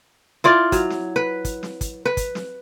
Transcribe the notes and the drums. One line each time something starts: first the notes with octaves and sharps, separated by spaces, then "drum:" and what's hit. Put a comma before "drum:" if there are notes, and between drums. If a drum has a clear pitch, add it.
E4 F4 D5
F#3, drum: kick, hi-hat
drum: snare
B4
drum: kick, hi-hat
drum: snare
drum: kick, hi-hat
B4
drum: kick, hi-hat
drum: snare